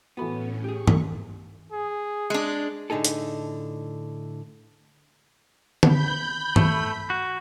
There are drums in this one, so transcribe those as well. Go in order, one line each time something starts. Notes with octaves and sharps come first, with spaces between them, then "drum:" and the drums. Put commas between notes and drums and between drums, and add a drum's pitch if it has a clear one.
A2 E3 A3 B3 C#4 F#4 B5
G4 G#4 C#6
drum: tom G2
G#4
G#3 D4
A2 D3 D#4 G#4 A4
drum: hi-hat
B5 G6, drum: tom D3
A3, drum: tom G2
F#4